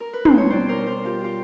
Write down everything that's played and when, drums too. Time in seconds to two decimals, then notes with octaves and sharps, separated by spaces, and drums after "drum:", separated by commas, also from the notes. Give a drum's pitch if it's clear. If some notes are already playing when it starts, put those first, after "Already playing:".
0.00 A#4
0.13 B4
0.25 C5, drum: tom
0.38 C#5
0.48 B2 G3 C5 D5
0.68 A#4 C5
0.87 A#4 C5
1.05 F4 G4
1.24 F4 G4